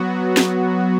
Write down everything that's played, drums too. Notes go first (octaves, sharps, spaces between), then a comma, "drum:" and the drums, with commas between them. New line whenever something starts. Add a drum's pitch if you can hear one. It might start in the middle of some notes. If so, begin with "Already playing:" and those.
Already playing: F#3 B3 F#4
drum: snare